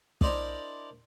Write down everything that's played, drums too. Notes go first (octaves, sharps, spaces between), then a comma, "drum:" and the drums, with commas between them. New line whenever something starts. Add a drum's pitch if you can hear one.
D4 E4 A#4 C5 D5 D#5, drum: kick